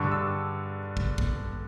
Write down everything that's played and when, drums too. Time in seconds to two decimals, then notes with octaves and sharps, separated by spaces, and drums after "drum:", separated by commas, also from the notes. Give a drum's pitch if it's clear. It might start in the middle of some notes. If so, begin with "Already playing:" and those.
Already playing: G2 D3 C#6
0.11 E6
0.97 drum: kick
1.18 drum: kick